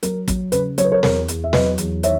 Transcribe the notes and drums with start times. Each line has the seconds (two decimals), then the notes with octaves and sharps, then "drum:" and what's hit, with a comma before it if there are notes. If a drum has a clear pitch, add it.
0.03 F#3 A#4, drum: hi-hat
0.28 F#3, drum: kick, hi-hat
0.52 C#3 B4, drum: hi-hat
0.78 F#3 C#5, drum: hi-hat
0.85 B4
0.92 A#4 C#5
1.03 E2 A#4 C#5, drum: snare
1.28 E2, drum: hi-hat
1.44 E5
1.53 F#3 B4 D#5, drum: snare
1.78 E2, drum: hi-hat
2.03 D#3 C#5 E5, drum: hi-hat